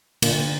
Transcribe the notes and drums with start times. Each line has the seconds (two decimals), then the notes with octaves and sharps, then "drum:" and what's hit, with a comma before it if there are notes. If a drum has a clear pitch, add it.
0.22 A#2 D3, drum: cymbal